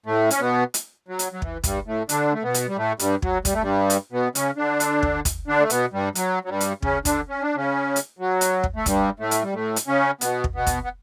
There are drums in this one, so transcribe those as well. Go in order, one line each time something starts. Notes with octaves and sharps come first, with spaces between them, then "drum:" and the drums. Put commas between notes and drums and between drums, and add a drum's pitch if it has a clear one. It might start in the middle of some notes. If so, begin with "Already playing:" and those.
A2 A3
C#4, drum: hi-hat
B2 B3
drum: hi-hat
F#3
drum: hi-hat
F#3
E3, drum: kick
G2 G3, drum: kick, hi-hat
A2 A3
D3 D4, drum: hi-hat
A3
B2 B3
drum: hi-hat
G3
A2 A3
G2 G3, drum: hi-hat
F#3, drum: kick
G3, drum: kick, hi-hat
A3
G2 G3
drum: hi-hat
B2 B3
C#3 C#4, drum: hi-hat
D3 D4
drum: hi-hat
drum: kick
drum: kick, hi-hat
D3 D4
A3
B2 B3, drum: hi-hat
G2 G3
F#3, drum: hi-hat
F#3
G2 G3
drum: hi-hat
C#3 C#4, drum: kick
D3 D4, drum: kick, hi-hat
C#4
D4
C#3 C#4
drum: hi-hat
F#3
drum: hi-hat
drum: kick
A3
G2 G3, drum: kick, hi-hat
A2 A3
drum: hi-hat
G3
A2 A3
drum: hi-hat
C#3 C#4
B2 B3, drum: hi-hat
drum: kick
B2 B3
drum: kick, hi-hat
B3